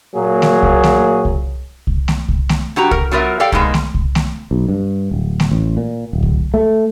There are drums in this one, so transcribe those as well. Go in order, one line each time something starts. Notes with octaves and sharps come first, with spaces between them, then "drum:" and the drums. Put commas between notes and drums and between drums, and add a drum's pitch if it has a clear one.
A#2 F#3 A#3 G#4
drum: snare A3
drum: kick C2
drum: snare A3
drum: kick C2
drum: kick C2
drum: snare A3
drum: kick C2
drum: snare A3
G2 F#4 G4 A#5
A#4, drum: kick C2
F#3 B3 F4 A#4 E5
G4 A4 D5 F5 G5
G#2 B2 G#3 A#3, drum: kick C2
drum: snare A3
drum: kick C2
drum: snare A3
B1
G2
D1
drum: snare A3
A1
A#2
D1
drum: kick C2
A3